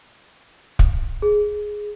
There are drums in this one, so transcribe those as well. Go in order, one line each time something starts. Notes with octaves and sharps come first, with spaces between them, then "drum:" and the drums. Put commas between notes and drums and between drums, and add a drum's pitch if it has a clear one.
drum: kick
G#4